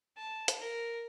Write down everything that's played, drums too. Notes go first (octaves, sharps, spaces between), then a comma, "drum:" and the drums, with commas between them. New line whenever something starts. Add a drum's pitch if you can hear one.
A5
drum: hi-hat
A#4